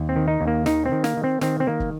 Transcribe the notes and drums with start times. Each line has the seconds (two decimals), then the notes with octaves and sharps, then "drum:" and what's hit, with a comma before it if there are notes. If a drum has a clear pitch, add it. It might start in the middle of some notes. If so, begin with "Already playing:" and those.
Already playing: D#2
0.09 C4
0.16 D#3
0.28 D#4
0.41 D#2
0.47 A#3
0.66 D#3 D#4, drum: snare
0.86 C4
0.92 D#3
1.04 A#3, drum: snare
1.17 D#3
1.24 C4
1.41 D#3 C4, drum: snare
1.60 C4
1.67 D#3 A#3
1.80 drum: kick